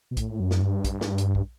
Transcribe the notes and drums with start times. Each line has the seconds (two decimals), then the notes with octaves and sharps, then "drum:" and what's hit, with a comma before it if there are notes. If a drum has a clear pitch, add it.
0.11 B2
0.17 A2, drum: kick A#1, hi-hat
0.40 F#2
0.51 drum: snare
0.61 G2
0.84 drum: kick A#1, hi-hat
1.01 drum: snare
1.18 drum: hi-hat
1.35 drum: kick A#1